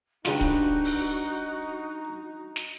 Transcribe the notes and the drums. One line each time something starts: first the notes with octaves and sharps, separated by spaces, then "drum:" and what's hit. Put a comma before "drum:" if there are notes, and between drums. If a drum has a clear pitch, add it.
C#3 G3 D4 D#4 F4 F#4 B4, drum: snare
drum: kick
drum: open hi-hat
drum: snare